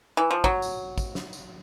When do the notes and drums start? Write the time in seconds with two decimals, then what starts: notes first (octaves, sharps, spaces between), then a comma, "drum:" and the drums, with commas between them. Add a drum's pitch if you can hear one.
0.17 E3
0.31 F3
0.44 F#3, drum: kick
0.62 drum: tambourine
0.98 drum: kick, tambourine
1.15 drum: snare
1.33 drum: tambourine